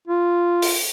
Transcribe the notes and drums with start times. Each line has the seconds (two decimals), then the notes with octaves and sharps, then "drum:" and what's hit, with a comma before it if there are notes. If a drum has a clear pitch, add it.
0.07 F4
0.62 drum: open hi-hat